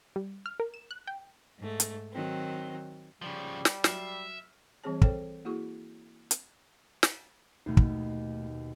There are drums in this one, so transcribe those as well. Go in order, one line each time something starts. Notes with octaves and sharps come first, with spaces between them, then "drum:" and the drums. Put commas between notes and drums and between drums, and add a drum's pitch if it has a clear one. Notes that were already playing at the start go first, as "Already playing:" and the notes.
G3
F6
A#4
E7
F#6
G5
G#2 A3
drum: hi-hat
D#3 F#3 C4
C#3 F3 G3
drum: snare
F#3 E5 F6 C7, drum: snare
E3 G3 C4 G#4 C#5 A5
A4 C5 C#5 G5, drum: kick
A#3 E4 F#4 G#4 C#6
drum: hi-hat
drum: snare
D#2 B2 A3 D#4
drum: kick